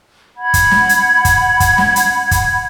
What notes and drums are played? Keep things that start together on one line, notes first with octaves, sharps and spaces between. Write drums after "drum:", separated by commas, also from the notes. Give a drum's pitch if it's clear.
F#5 B5 G#6
drum: kick, hi-hat
drum: snare
drum: hi-hat
drum: kick, hi-hat
drum: kick, hi-hat
drum: snare
drum: hi-hat
drum: kick, hi-hat